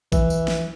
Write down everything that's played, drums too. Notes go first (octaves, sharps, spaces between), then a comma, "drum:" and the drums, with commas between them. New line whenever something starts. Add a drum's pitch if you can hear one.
E3, drum: kick A#1, tambourine
drum: tambourine
drum: snare